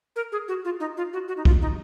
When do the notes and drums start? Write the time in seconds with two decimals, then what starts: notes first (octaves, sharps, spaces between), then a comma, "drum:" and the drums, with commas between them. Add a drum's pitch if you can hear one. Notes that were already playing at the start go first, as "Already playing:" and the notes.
0.16 A#4
0.32 G#4
0.48 F#4
0.65 F4
0.80 D#4
0.97 F4
1.13 F#4
1.28 F#4
1.37 D#4
1.45 F4, drum: kick
1.61 D#4